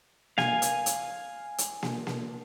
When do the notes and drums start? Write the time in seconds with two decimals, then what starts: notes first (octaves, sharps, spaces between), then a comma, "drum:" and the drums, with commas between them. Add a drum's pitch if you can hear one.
0.38 F5 G#5, drum: snare A#3
0.62 drum: hi-hat
0.86 drum: hi-hat
1.58 drum: hi-hat
1.83 drum: snare A#3
2.07 drum: snare A#3